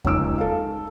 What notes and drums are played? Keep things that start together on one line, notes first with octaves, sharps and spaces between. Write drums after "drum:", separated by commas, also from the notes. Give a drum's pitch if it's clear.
C#2 C#4 D#4 E6 D7, drum: kick E2
A4 F5